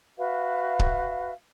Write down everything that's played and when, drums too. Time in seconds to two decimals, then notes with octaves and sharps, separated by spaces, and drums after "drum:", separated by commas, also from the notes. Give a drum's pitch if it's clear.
0.18 F#4 B4 E5 F5
0.79 drum: kick C#1